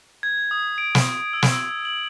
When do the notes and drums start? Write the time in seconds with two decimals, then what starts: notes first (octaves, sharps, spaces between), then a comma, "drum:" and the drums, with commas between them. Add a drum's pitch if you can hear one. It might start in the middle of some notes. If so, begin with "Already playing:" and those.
0.23 G#6
0.51 D#6
0.78 D7
0.95 drum: snare
1.33 E6
1.43 drum: snare
1.52 E6
1.85 F#7